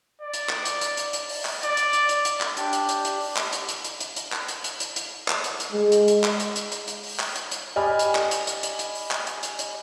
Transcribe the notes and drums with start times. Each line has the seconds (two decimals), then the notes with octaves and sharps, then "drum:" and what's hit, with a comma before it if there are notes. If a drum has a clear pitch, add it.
0.21 D5
0.33 drum: hi-hat
0.49 drum: clap
0.65 drum: hi-hat
0.81 drum: hi-hat
0.97 drum: hi-hat
1.13 drum: hi-hat
1.29 drum: open hi-hat
1.45 drum: clap
1.63 D5, drum: hi-hat
1.77 drum: hi-hat
1.93 drum: hi-hat
2.09 drum: hi-hat
2.25 drum: hi-hat
2.41 drum: clap
2.57 D4 G4, drum: hi-hat
2.73 drum: hi-hat
2.89 drum: hi-hat
3.05 drum: hi-hat
3.21 drum: open hi-hat
3.37 drum: clap
3.53 drum: hi-hat
3.69 drum: hi-hat
3.84 drum: hi-hat
4.00 drum: hi-hat
4.16 drum: hi-hat
4.32 drum: clap
4.48 drum: hi-hat
4.64 drum: hi-hat
4.80 drum: hi-hat
4.96 drum: hi-hat
5.28 drum: clap
5.44 drum: hi-hat
5.60 drum: hi-hat
5.72 G#3
5.92 drum: hi-hat
6.08 drum: hi-hat
6.24 drum: clap
6.40 drum: hi-hat
6.56 drum: hi-hat
6.72 drum: hi-hat
6.88 drum: hi-hat
7.04 drum: open hi-hat
7.20 drum: clap
7.35 drum: hi-hat
7.51 drum: hi-hat
7.76 G4 D5 D#5 G#5 B5 F6
7.99 drum: hi-hat
8.15 drum: clap
8.31 drum: hi-hat
8.47 drum: hi-hat
8.63 drum: hi-hat
8.79 drum: hi-hat
8.95 drum: open hi-hat
9.11 drum: clap
9.27 drum: hi-hat
9.43 drum: hi-hat
9.59 drum: hi-hat